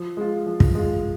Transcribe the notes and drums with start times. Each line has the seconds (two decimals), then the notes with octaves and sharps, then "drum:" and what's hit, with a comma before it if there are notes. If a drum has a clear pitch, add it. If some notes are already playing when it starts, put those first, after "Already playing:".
Already playing: F3
0.17 G#3 F4
0.46 F3
0.60 drum: kick
0.75 G#3 F4